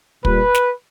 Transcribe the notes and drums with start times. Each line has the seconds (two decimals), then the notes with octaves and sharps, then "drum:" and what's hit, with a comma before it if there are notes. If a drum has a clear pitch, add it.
0.25 A#2 G3 B4, drum: kick
0.55 drum: snare